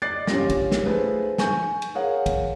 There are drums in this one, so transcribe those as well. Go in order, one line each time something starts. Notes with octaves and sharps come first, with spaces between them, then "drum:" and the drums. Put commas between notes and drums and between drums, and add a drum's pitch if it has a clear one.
D5 D#5 D6 F#6 A6 C7
A#1 C#4 F4 G4 D6 A#6, drum: snare
drum: kick, cymbal
drum: snare
A3 F4 G#4 B4 C5
G#5 C#6 G6, drum: snare
drum: cymbal
G#4 A#4 C#5 F5 F#5
drum: kick, cymbal